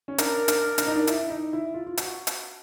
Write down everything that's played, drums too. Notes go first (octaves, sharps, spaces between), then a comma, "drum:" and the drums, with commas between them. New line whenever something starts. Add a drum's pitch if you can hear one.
C#4
D4 A#4, drum: hi-hat
D4, drum: hi-hat
D4, drum: hi-hat
D#4
D4
E4, drum: hi-hat
D#4
E4
F4
F4
F#4, drum: hi-hat
drum: hi-hat